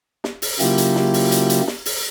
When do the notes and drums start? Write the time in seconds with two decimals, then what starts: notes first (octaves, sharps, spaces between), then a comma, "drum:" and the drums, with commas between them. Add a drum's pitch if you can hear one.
0.24 drum: snare
0.42 drum: open hi-hat
0.60 C#3 F#3 A#3 E4 F4 G4, drum: hi-hat
0.78 drum: hi-hat
0.96 drum: snare
1.14 drum: open hi-hat
1.32 drum: hi-hat
1.50 drum: hi-hat
1.68 drum: snare
1.86 drum: open hi-hat